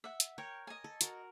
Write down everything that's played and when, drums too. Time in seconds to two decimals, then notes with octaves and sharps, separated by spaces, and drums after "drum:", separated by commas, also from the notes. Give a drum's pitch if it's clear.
0.04 E5 F#5
0.20 drum: hi-hat
0.38 A#4 C#5 G5
0.67 D#5 G#5
0.84 A4
1.01 F#4 A#4, drum: hi-hat